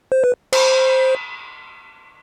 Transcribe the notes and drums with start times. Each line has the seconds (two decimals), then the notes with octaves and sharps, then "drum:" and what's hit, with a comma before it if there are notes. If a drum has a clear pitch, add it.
0.12 C5
0.24 B4
0.53 C5, drum: cymbal